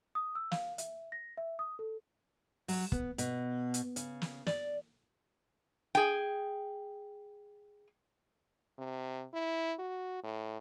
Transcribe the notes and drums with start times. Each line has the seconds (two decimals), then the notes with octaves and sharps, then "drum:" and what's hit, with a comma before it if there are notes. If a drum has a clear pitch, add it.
0.15 D#6
0.35 E6
0.51 F5, drum: snare
0.78 E5, drum: hi-hat
1.12 A#6
1.38 E5
1.59 D#6
1.79 A4
2.68 F#3, drum: open hi-hat
2.92 B3, drum: kick
3.18 B2, drum: hi-hat
3.74 drum: hi-hat
3.96 C#3, drum: hi-hat
4.22 drum: snare
4.47 D5, drum: snare
5.95 G#4 G5
8.78 C3
9.33 E4
9.79 F#4
10.23 A2